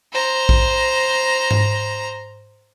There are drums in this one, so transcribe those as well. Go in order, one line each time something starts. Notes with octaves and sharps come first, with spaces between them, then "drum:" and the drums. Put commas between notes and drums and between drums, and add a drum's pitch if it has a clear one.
C5 A#5
drum: kick A#1
drum: tom G#2